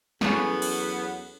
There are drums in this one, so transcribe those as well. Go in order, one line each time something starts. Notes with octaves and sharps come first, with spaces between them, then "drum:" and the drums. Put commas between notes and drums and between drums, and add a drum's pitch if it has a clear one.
E2 F#3 B3 C#4 A4 B4, drum: snare
drum: cymbal